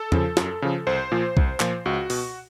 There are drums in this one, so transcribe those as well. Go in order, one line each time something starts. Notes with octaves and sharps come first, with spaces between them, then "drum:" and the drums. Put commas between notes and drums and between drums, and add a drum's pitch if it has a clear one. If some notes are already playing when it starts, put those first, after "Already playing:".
Already playing: A4
C#3 F3, drum: tom E2
F#2, drum: snare
C#3 F3
C2 C5
A#2 F3
C2, drum: kick B1
A#2 F3, drum: clap
C#2 F#4
B2, drum: open hi-hat